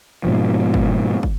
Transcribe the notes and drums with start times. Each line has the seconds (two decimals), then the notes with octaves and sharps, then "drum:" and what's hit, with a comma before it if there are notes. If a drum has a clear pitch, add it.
0.25 G#2 B2 F3
0.74 drum: kick
1.23 drum: kick